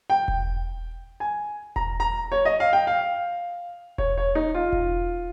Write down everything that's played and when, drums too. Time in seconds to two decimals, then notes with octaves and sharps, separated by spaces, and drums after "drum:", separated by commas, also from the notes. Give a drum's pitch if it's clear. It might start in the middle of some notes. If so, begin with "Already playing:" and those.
0.10 G5
0.28 drum: kick E1
1.20 G#5
1.76 A#5, drum: kick E1
2.00 A#5
2.32 C#5
2.45 D#5
2.60 F5
2.73 G5
2.87 F5
3.98 C#5, drum: kick E1
4.18 C#5
4.35 D#4
4.55 F4
4.73 drum: kick E1